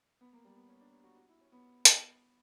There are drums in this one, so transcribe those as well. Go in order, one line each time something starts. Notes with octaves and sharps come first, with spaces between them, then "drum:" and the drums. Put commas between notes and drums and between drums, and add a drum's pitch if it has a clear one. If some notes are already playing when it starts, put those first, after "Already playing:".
B3
A#3
G3
B3
C#4
D4
C#4
F#4
F#4
E4
C#4
B3
drum: hi-hat